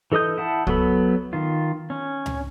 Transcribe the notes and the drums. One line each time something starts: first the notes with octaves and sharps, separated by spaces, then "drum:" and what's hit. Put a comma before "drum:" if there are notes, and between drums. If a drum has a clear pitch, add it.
E3 A4 D#5 D#6 G6
E4 F#5 A5
F#3 B3 A4 B5, drum: kick
D#3 F4
C#4
drum: tom C#2